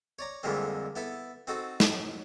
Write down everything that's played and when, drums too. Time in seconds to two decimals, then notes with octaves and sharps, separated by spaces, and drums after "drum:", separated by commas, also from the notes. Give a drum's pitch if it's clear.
0.19 C#5 D5 A#5
0.43 F2 A#2 D3 G3 G#3 C4
0.96 B3 E4 A4
1.47 C4 D#4 F#4 A4
1.80 drum: snare